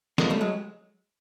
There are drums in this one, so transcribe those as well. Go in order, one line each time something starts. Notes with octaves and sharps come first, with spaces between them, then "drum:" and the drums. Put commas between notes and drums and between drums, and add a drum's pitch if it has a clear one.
G#3 A#3, drum: snare
G3 A3
F#3 G#3